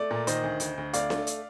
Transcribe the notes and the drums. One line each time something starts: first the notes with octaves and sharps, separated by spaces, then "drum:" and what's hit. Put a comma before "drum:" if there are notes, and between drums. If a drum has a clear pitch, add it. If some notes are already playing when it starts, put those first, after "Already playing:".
Already playing: A3 D5
A#2
D#3 C5 D#5, drum: hi-hat
D2
D2, drum: hi-hat
D2
A3 D5 F5, drum: hi-hat
A3, drum: snare D4
drum: hi-hat